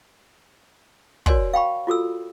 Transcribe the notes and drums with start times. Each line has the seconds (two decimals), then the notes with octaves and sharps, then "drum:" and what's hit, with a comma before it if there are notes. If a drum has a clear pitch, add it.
1.26 F#4 A#4 C#5 D5 G#5 C6, drum: kick
1.54 F5 G5 B5 C#6
1.87 F4 F#4 A4 E6